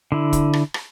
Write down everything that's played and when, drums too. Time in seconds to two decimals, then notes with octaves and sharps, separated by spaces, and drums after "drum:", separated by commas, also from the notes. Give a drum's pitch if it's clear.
0.12 D3 E4
0.33 drum: kick, hi-hat
0.53 drum: rim click
0.74 drum: rim click